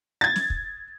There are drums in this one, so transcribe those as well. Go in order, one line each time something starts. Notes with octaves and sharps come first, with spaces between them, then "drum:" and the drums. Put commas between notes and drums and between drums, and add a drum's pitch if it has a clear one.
G#6 A6
drum: snare
drum: kick